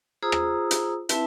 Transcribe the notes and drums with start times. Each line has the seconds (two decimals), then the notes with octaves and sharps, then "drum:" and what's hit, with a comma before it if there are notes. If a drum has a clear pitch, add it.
0.22 F4 G#4 C5 A#5 D#6 E6
0.32 drum: rim click
0.71 drum: hi-hat
1.09 C4 E4 B4 E5 A5, drum: hi-hat